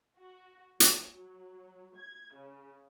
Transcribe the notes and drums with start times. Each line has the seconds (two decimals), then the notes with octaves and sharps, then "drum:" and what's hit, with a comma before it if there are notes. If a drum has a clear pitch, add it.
0.18 F#4
0.80 F#3, drum: hi-hat
1.13 F#3
1.95 G#6
2.34 C#3